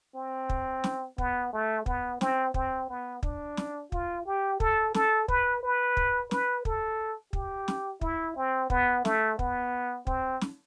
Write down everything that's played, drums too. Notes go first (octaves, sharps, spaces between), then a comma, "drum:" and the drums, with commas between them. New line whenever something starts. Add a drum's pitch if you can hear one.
C4
drum: kick
drum: snare
B3, drum: kick
A3
B3, drum: kick
C4, drum: snare
C4, drum: kick
B3
D4, drum: kick
drum: snare
F4, drum: kick
G4
A4, drum: kick
A4, drum: snare
B4, drum: kick
B4
drum: kick
B4, drum: snare
A4, drum: kick
G4, drum: kick
drum: snare
E4, drum: kick
C4
B3, drum: kick
A3, drum: snare
B3, drum: kick
C4, drum: kick
drum: snare